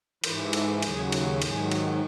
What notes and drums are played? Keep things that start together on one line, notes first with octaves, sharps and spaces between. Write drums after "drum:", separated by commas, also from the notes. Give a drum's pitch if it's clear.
G#2 E3 B4, drum: cymbal
A4, drum: cymbal
D#2 C#3 F#3 G#4, drum: cymbal
drum: cymbal
G#2 D#3 F#3 G#4, drum: cymbal
drum: cymbal